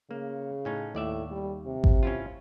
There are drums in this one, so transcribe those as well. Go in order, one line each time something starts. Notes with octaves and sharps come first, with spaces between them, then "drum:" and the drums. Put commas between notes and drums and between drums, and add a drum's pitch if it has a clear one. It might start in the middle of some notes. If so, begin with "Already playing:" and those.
C#3 A#3
A2 C#4 D#4
D#2 A2 D5 E5
G3
C3
drum: kick G#1
C#4 E4 F4